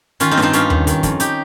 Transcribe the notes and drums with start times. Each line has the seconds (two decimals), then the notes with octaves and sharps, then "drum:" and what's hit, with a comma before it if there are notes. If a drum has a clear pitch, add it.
0.20 D#3 C#4 F4, drum: hi-hat
0.31 C4 D#4
0.37 G2, drum: snare
0.42 C4 D#4
0.53 G2 C#4 F4, drum: hi-hat
0.70 D#3, drum: tom D#2
0.87 D#3, drum: hi-hat
1.03 F2, drum: kick, hi-hat
1.20 D#4 G4, drum: hi-hat